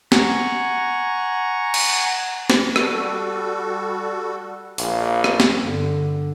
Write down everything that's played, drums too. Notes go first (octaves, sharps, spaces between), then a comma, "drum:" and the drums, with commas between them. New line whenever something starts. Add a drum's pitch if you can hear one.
F#5 G#5 A#5 C#6, drum: snare
drum: cymbal
drum: snare
G3 F#4 A4, drum: rim click
A#1 F5, drum: open hi-hat
drum: rim click
drum: snare
G2 D3